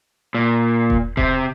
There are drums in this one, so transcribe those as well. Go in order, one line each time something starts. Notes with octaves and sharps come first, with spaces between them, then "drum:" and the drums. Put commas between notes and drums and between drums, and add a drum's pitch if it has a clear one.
A#2
drum: kick E1
C3, drum: kick E1